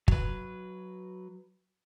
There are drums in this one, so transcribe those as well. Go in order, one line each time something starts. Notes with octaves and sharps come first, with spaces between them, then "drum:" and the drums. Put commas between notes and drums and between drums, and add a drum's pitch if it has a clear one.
F#3 B4, drum: kick